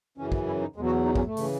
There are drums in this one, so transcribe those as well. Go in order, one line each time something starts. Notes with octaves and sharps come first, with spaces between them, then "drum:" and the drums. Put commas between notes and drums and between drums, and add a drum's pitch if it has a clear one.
F#2 C#3 E3 C#4
drum: kick
E4
D#4
E2 B2 F#3 G#3
F#4
D#4
C#4, drum: kick
A3
C#3 E3, drum: open hi-hat